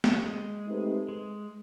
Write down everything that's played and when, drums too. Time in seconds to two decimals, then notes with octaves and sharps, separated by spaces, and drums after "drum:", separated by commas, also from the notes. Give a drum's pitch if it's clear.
0.04 drum: snare
0.26 G#3
0.67 A3 C4 D#4 G4 B4
1.08 G#3